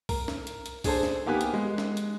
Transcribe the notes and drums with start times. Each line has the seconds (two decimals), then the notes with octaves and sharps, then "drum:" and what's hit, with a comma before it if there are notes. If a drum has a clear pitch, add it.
0.09 A#4, drum: kick, open hi-hat
0.28 drum: snare
0.47 drum: hi-hat
0.66 drum: hi-hat
0.84 D4 G#4 A4 C5 A5, drum: kick, open hi-hat
1.03 drum: snare
1.26 D#3 A#3 B3 G4 G#5 F#6
1.41 drum: hi-hat
1.53 G#3
1.78 drum: snare
1.97 drum: hi-hat